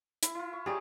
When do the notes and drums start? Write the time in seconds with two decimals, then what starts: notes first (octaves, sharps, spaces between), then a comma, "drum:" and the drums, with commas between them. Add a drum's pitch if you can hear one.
0.23 E4, drum: hi-hat
0.35 E4 F4
0.53 C#6
0.66 G4 G#4 C#5 D5 A#5